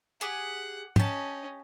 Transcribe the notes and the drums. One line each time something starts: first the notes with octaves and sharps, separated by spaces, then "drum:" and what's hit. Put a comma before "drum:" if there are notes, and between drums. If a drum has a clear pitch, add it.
G4 G#4 F#5
C#4 G4 D#5 A5, drum: tom